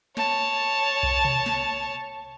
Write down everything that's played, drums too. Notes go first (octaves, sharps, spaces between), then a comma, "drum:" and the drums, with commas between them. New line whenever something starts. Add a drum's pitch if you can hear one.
C#5 A5, drum: snare
drum: kick B1
drum: tom B2
drum: snare